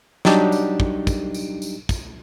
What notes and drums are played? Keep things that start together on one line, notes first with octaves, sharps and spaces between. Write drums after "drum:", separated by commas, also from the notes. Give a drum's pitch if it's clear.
F#3 G3 D4 D#4 G4, drum: snare
drum: tambourine
drum: kick
drum: kick, tambourine
drum: tambourine
drum: tambourine
drum: kick, tambourine